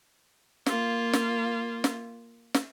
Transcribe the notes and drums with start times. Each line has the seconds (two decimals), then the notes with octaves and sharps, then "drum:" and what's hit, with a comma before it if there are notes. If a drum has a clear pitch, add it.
0.66 A#3 F4, drum: snare
1.13 drum: snare
1.84 drum: snare
2.54 drum: snare